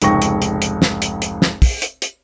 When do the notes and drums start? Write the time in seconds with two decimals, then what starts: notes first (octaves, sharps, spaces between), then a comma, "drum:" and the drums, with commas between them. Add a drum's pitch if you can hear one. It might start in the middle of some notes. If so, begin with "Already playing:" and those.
0.02 F1 C#2 G#2 G5 C#6 A#6, drum: hi-hat
0.22 drum: hi-hat
0.42 drum: hi-hat
0.62 drum: hi-hat
0.82 drum: snare
1.02 drum: hi-hat
1.22 drum: hi-hat
1.42 drum: snare
1.62 drum: kick, open hi-hat
1.82 drum: hi-hat
2.02 drum: hi-hat